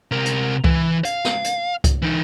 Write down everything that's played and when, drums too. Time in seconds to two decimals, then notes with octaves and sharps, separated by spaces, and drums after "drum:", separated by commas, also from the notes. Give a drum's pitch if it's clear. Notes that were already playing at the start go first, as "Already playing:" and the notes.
0.11 C3 A#4
0.26 drum: hi-hat
0.64 E3, drum: kick C2
1.05 F5, drum: hi-hat
1.25 drum: snare
1.44 drum: hi-hat
1.84 drum: kick C2, hi-hat
2.02 E3 D#4